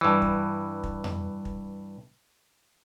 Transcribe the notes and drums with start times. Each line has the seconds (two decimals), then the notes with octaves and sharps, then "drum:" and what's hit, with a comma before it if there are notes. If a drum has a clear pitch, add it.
0.01 G2 E3
0.22 drum: kick
0.84 drum: kick
1.04 drum: tom F2
1.45 drum: kick